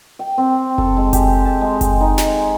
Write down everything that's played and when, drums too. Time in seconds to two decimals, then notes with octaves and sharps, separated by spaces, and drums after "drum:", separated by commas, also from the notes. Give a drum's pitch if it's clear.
0.19 G5
0.38 C4
0.78 A4, drum: kick F#1
0.97 G#3
1.13 G4, drum: kick F#1, hi-hat
1.45 A5
1.61 G#3
1.81 G5, drum: kick F#1, hi-hat
2.01 D#4
2.18 G#3, drum: snare